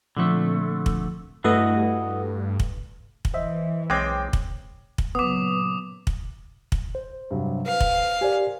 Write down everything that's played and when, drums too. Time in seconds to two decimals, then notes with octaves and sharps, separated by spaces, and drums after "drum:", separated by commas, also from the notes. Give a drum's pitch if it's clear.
0.17 A#2 D3 F3 A3 C4
0.86 drum: kick
1.44 G2 A3 E4 F#4 A4 B4 D#5
2.60 drum: kick
3.25 drum: kick
3.34 E3 C5 D#5 E5
3.90 B1 G#3 C4 C#5 G5 D6
4.33 drum: kick
4.98 drum: kick
5.15 A#2 C#3 F#3 B3 D6 D#6
6.07 drum: kick
6.72 drum: kick
6.95 C5
7.31 G2 C3 F#3
7.66 F#4 B4 F5
7.80 drum: kick
8.21 G4 A#4 C5 D5 G#5